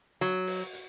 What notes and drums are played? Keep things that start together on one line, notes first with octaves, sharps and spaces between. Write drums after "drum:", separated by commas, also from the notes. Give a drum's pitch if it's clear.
F#3, drum: hi-hat
drum: open hi-hat
drum: hi-hat